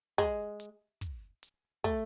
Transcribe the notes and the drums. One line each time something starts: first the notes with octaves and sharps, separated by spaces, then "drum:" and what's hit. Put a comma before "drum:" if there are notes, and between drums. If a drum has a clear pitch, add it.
G#3, drum: kick, hi-hat
drum: hi-hat
drum: kick, hi-hat
drum: hi-hat
A3, drum: kick, hi-hat